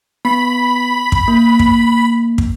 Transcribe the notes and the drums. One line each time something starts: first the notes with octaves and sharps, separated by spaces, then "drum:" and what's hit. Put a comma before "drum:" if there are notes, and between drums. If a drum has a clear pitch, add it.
B3 B5
drum: kick
A#3
drum: kick
drum: kick